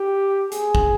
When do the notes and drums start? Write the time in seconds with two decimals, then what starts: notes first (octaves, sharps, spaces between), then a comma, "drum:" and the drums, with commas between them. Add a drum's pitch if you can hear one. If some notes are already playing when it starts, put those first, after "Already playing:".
Already playing: G4
0.52 G#4, drum: hi-hat
0.75 drum: kick